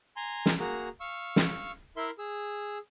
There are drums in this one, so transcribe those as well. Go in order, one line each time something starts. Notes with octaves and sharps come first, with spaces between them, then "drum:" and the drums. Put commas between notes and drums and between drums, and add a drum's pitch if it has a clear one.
G#5 A#5 C6
drum: snare
A#3 F#4 G#4 A#5
F5 C#6 E6
drum: snare
E4 A#4 E5 C6
G#4 E6